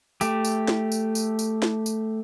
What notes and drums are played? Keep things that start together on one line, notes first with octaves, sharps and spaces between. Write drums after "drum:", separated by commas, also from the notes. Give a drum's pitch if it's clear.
A3 G4, drum: tambourine
drum: tambourine
drum: snare
drum: tambourine
drum: tambourine
drum: tambourine
drum: snare
drum: tambourine